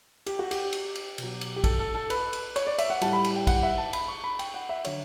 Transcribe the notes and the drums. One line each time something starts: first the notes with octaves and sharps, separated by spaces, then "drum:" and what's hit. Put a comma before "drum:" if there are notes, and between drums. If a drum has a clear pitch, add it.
G4, drum: cymbal
F#4
G4, drum: cymbal
drum: cymbal
drum: cymbal
B2 F#3, drum: cymbal
drum: cymbal
G4
A4, drum: kick, cymbal
A4
A4
B4, drum: cymbal
drum: cymbal
C#5, drum: cymbal
D5
E5, drum: cymbal
F#5
A2 G3 A5, drum: cymbal
B5
drum: cymbal
G5
F#5, drum: kick, cymbal
E5
A5
B5, drum: cymbal
C#6
B5
G5, drum: cymbal
F#5
E5
D3 F#3 C#5, drum: cymbal